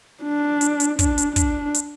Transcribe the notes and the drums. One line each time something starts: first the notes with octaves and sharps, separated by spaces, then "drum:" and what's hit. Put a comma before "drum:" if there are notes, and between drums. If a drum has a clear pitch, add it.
D4
drum: hi-hat
drum: hi-hat
D4, drum: kick, hi-hat
drum: hi-hat
D4, drum: kick, hi-hat
drum: hi-hat